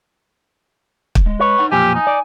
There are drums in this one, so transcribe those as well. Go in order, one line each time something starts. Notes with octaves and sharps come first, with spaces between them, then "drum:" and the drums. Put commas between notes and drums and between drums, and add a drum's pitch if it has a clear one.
drum: kick
G#3
B4 C#5
D#4 F#5
B1 F2 A#2 G4 G#5
D#4
D5